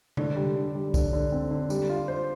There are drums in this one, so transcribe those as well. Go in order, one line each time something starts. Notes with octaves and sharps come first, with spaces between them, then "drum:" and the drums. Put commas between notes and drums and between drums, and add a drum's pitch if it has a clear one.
D3, drum: tom C3
G3
D3
G3
D3, drum: kick, tambourine
D3
C4
D3
G3, drum: tambourine
F4
C5